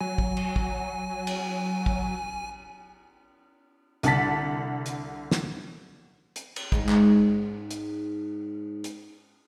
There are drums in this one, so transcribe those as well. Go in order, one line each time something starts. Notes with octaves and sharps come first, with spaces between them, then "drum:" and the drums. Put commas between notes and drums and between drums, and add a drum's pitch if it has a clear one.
F#3 G#5
drum: kick
drum: cymbal
drum: kick
drum: cymbal
drum: kick
C2 D3 F#5 A5 A6 B6, drum: hi-hat
drum: hi-hat
drum: snare
drum: hi-hat
drum: cymbal
G#2 G#3 D#4, drum: kick
drum: clap
drum: hi-hat
drum: hi-hat